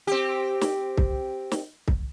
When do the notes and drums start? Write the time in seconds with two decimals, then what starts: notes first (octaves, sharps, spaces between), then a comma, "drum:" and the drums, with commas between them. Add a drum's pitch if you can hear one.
0.07 C4 G4
0.61 drum: snare
0.97 drum: kick C2
1.52 drum: snare
1.88 drum: kick C2